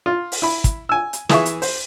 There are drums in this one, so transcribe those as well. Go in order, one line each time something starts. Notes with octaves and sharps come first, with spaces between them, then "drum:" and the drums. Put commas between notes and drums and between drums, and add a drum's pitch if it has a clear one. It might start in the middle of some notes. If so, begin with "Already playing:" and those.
F4
drum: open hi-hat
E4 B5
drum: kick, hi-hat
G#5 E6
drum: hi-hat
E3 G#4 E5 C#6, drum: snare
drum: hi-hat
C5, drum: open hi-hat